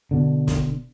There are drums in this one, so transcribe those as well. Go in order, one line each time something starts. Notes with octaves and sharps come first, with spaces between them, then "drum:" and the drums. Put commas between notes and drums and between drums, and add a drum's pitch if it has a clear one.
B2 D3
drum: snare